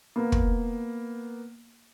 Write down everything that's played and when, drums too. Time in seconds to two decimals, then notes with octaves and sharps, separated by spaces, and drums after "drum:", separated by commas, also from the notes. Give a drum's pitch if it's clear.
0.16 A#3 B3
0.32 drum: kick